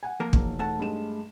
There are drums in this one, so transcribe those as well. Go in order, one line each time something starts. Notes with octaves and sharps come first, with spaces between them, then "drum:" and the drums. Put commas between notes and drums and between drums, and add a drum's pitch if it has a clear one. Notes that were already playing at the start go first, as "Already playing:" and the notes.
F#5 G#5
F3 A#3 A#4
E1 D#4, drum: kick
A3 F#5 A5
G2 G#3 E7